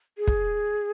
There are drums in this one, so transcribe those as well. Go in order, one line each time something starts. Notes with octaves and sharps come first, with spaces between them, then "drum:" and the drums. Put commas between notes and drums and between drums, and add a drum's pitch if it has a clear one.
G#4
drum: kick